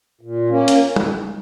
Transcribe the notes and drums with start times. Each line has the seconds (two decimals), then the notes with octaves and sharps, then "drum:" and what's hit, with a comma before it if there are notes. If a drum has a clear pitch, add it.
0.21 A#2
0.50 A#3 C#4
0.68 drum: hi-hat
0.96 drum: tom